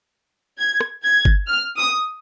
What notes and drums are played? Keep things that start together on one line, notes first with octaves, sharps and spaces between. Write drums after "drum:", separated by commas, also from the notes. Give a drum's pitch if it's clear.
G#6
drum: rim click
G#6
drum: kick G1
F6
D#6